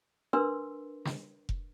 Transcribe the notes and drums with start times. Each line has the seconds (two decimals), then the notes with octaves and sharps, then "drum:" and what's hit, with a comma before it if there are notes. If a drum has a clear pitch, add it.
0.33 D4 A#4 B4 C6 E6
1.05 drum: snare
1.49 drum: kick F1